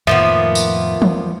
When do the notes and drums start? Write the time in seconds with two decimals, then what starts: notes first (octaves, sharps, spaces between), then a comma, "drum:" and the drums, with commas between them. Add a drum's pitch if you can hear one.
0.07 F2 A2 D#3 F3 A#3 B3 E5
0.55 drum: tambourine
1.02 drum: tom